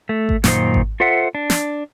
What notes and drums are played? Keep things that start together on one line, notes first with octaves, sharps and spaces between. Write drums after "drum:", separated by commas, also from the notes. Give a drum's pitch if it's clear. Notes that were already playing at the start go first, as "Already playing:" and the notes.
A3
drum: kick G#1
F#2 A#2 D#3 D#4 C5, drum: snare
drum: kick G#1
F4 A4 C5 E5 F#5
D4
drum: snare